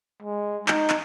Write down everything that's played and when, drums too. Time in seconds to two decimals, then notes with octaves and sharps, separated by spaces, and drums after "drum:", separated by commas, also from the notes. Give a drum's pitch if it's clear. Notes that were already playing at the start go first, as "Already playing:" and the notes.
0.22 G#3
0.68 D#4, drum: clap
0.90 drum: clap